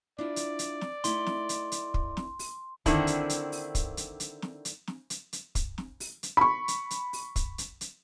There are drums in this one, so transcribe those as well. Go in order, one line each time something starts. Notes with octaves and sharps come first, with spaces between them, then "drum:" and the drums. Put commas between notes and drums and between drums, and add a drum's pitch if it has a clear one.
D4 E4 F4 D5
drum: hi-hat
drum: hi-hat
drum: snare
A3 D#4 E4 C6, drum: hi-hat
drum: snare
drum: hi-hat
drum: hi-hat
drum: kick
drum: snare
drum: open hi-hat
D3 D#3 C4 D4 E4, drum: kick, hi-hat
drum: hi-hat
drum: hi-hat
drum: open hi-hat
drum: kick, hi-hat
drum: hi-hat
drum: hi-hat
drum: snare
drum: hi-hat
drum: snare
drum: hi-hat
drum: hi-hat
drum: kick, hi-hat
drum: snare
drum: open hi-hat
drum: hi-hat
B5 C#6
drum: hi-hat
drum: hi-hat
drum: open hi-hat
drum: kick, hi-hat
drum: hi-hat
drum: hi-hat